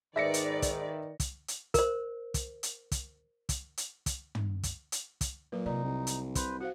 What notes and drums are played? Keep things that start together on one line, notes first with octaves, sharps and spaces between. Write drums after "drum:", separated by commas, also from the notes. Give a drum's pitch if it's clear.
G#2 D#3 B4 D5 E5 A#6 C#7
drum: hi-hat
drum: kick, hi-hat
drum: kick, hi-hat
drum: hi-hat
A#4 C5, drum: kick, hi-hat
drum: kick, hi-hat
drum: hi-hat
drum: kick, hi-hat
drum: kick, hi-hat
drum: hi-hat
drum: kick, hi-hat
drum: tom
drum: kick, hi-hat
drum: hi-hat
drum: kick, hi-hat
A#2 F#3 F4 B4
C3 D#4 D5
C2
drum: hi-hat
B4 C5, drum: kick, hi-hat
F#4 C5 F5 F#5